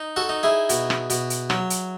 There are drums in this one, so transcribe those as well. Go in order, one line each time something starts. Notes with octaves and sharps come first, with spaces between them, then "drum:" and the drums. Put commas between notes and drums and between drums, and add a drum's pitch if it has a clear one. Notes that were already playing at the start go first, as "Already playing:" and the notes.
Already playing: D#4
F#4 A4
D#4
E4 G#4
B2, drum: hi-hat
drum: rim click
B2, drum: hi-hat
drum: hi-hat
F#3, drum: rim click
drum: hi-hat